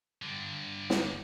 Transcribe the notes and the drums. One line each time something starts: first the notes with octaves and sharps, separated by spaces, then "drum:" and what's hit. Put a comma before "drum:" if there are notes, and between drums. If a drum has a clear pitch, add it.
G2 D3
drum: snare